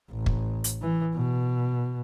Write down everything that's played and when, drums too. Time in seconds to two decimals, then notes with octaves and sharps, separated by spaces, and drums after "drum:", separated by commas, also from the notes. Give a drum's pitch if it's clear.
0.10 A1
0.26 drum: kick
0.64 drum: hi-hat
0.82 E3
1.15 B2